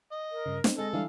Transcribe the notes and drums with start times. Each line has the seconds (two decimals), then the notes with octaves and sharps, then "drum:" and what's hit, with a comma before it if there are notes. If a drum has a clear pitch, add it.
0.12 D#5
0.32 A#4
0.46 G2 C#3
0.64 C4, drum: snare
0.78 G#3 A4 D#5
0.93 E3 G3 D4 F5